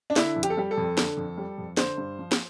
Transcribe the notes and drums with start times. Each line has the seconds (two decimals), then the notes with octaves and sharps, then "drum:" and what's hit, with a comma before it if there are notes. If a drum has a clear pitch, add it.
0.10 D4
0.16 D3 E4, drum: snare
0.36 F2
0.43 G4, drum: hi-hat
0.50 A4
0.57 G3 G4
0.71 A4
0.77 F2
0.98 D3, drum: snare
1.17 F2
1.37 G3
1.58 F2
1.77 D3 C5, drum: snare
1.97 G2
2.19 F3
2.32 drum: snare